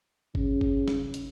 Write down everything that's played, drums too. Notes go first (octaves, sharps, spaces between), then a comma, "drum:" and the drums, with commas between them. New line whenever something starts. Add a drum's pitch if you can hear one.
C#3, drum: kick G1
drum: kick G1
drum: snare
drum: hi-hat